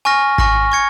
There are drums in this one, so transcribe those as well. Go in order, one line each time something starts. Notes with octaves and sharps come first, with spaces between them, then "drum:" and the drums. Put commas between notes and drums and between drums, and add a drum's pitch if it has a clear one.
G#5 C#6 F6 A#6
G#5 C#6 F6 A#6, drum: kick G#1
C#6 G#6 C#7